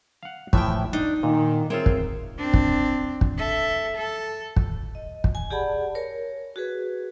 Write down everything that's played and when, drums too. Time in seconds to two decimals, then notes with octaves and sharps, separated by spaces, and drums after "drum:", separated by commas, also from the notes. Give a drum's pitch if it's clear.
0.23 F5 F#5
0.53 A2 E3 F3 E5 G5, drum: kick
0.93 D4 D#4
1.23 A#2 D#3
1.70 C4 F4 G#4 A#4 C#5 E5 G5
1.86 drum: kick
2.38 C4 D4
2.54 drum: kick
3.21 drum: kick
3.38 A4 E5
3.97 A4
4.56 drum: kick
4.95 D#5
5.24 drum: kick
5.35 G#5
5.50 G4 G#4 D5 F#5 A5 B5
5.95 A#4 C#5
6.56 F#4 G#4 B4